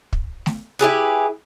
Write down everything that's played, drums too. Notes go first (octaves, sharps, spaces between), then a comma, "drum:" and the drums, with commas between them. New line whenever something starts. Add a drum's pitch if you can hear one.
drum: kick
drum: snare
E4 G4 G#4 B4